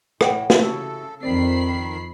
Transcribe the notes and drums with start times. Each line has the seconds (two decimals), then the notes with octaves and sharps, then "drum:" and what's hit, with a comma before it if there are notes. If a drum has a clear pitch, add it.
0.21 A2 C#5 F#5 G5, drum: rim click
0.50 drum: snare
0.61 C#3 E4 F#4 G4 A4
1.23 F2 D#3 C4 D5 B5 C7